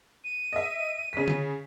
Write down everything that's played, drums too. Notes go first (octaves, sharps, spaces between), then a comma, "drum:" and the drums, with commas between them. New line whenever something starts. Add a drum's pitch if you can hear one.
D#7
D#5 E5
C#3 B6
drum: tom D3